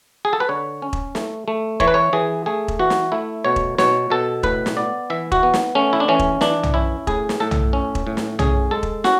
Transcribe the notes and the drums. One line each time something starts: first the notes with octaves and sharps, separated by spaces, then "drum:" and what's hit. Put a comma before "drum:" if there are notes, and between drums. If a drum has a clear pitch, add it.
G#4
A4
B4
D3 C#5
C#4
drum: kick E1
A3, drum: snare
A3
E3 C#5, drum: kick E1
B4
C#5
E3 G#4
A3 G#4
drum: kick E1
E3 F#4
drum: snare
A3 E4
B2 C#5
drum: kick E1
B2 C#5, drum: snare
B2 A4
A2 B4, drum: kick E1
drum: snare
B3 D5
E3 E5
F#4, drum: kick E1
B3
drum: snare
A3 C#4
E4
D4
E3 C#4
drum: kick E1
E3 D4, drum: snare
drum: tom
C#4 E4
A2 G#4, drum: kick E1
drum: snare
A2 A4
drum: tom
C#4
drum: kick E1
A2
drum: snare
C#4 G#4, drum: tom
G#3 A4
drum: kick E1
C#4 F#4, drum: snare